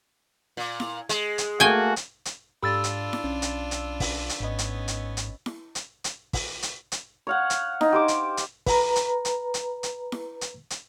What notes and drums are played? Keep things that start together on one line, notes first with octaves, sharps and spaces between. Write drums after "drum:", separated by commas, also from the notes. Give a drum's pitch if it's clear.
A#2
drum: snare E4
G#3, drum: hi-hat
drum: hi-hat
A3 A#3 F#4 G5 G#5
drum: hi-hat
drum: hi-hat
G#2 D4 F4 G4 A4 B5 E6 A6
drum: hi-hat
drum: snare E4
B1 C#4
drum: hi-hat
drum: hi-hat
drum: kick, open hi-hat
drum: hi-hat
G#1 G#2 B3 C#4 D#5
drum: hi-hat
drum: hi-hat
drum: hi-hat
drum: snare E4
drum: hi-hat
drum: hi-hat
drum: kick, open hi-hat
drum: hi-hat
drum: hi-hat
C#5 F5 F#5
drum: hi-hat
D#4, drum: snare E4
G4 C5 D6
drum: hi-hat
drum: hi-hat
B4 A#5, drum: kick, open hi-hat
drum: hi-hat
drum: hi-hat
drum: hi-hat
drum: hi-hat
drum: snare E4
drum: hi-hat
drum: hi-hat